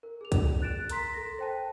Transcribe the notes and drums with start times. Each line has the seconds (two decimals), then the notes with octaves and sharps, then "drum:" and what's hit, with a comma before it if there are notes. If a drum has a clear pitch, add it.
0.03 A#4
0.21 G#4 F7
0.32 drum: kick B1, hi-hat
0.62 F#6 A6 D7 E7
0.89 A#4 A#5 C6 B6, drum: hi-hat
1.14 A4 A#6
1.39 C5 G5 A5